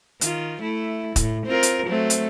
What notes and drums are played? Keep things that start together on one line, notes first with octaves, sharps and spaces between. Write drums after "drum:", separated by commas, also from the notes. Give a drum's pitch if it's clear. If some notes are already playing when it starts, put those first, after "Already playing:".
D#3 F4, drum: hi-hat
A3 E4
A2, drum: kick, hi-hat
C4 F4 A#4
drum: hi-hat
F#3 A3 C4
drum: hi-hat